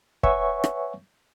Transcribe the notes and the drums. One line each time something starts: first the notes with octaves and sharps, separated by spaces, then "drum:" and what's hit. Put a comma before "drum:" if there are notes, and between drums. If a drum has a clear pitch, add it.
B4 C#5 E5 F#5 G#5 C#6, drum: kick
drum: rim click